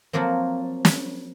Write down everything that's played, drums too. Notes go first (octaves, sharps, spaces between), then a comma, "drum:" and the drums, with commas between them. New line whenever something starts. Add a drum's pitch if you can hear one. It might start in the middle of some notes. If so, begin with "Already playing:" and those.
F3 F#3 A#3 C4
drum: snare